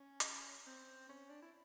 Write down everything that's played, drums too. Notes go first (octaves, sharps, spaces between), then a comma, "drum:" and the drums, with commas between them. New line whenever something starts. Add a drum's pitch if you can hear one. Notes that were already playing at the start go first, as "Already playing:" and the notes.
Already playing: C#4
drum: hi-hat
C4
C#4
D4
E4